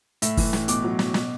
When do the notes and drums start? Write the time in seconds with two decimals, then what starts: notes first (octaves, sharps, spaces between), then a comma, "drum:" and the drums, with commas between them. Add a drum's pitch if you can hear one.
0.22 A2 E5, drum: hi-hat
0.37 E3, drum: kick, open hi-hat
0.53 A2, drum: snare
0.68 B2 D6, drum: hi-hat
0.84 F#3
0.99 B2, drum: snare
1.14 B2, drum: snare